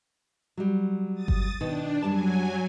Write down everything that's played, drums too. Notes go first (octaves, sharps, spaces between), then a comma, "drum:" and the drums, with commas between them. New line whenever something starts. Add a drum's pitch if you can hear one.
F#3 G3
D#6 A6
drum: kick G1
B2 D#3 D4
F#2 F#3 G3 G#5 A5